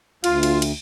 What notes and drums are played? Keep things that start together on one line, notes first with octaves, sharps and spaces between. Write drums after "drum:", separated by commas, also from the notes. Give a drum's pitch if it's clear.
D2 F4, drum: cymbal
drum: cymbal
drum: cymbal